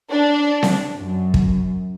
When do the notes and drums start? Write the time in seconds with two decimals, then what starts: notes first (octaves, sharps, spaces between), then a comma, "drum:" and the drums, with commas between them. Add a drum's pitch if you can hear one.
0.10 D4
0.63 drum: snare C4
0.98 F#2
1.34 drum: kick